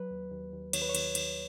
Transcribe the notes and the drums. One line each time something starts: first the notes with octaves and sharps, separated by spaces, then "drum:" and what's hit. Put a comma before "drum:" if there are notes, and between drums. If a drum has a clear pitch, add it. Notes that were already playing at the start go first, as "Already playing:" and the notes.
Already playing: F#3 B4
D#2
D#2
D#2
D#2 C#5, drum: cymbal
B4
C#5
D#2, drum: cymbal
D#2, drum: cymbal